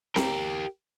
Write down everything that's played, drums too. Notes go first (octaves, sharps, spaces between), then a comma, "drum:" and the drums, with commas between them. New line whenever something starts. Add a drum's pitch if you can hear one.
G4 A#4, drum: snare C4